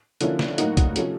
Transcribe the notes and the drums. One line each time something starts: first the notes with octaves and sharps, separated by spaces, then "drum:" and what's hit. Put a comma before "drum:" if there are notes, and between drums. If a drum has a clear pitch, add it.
D3 F3 A#3 C#4 E4, drum: hi-hat
drum: snare
A2 F#3 A#3 D#4 F#4, drum: hi-hat
drum: kick, hi-hat
C3 F3 A3 C#4, drum: hi-hat